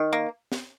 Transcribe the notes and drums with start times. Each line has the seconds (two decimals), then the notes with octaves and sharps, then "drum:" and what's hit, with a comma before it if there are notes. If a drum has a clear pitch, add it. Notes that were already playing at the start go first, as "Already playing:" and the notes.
Already playing: D#3
0.13 A#3
0.52 drum: snare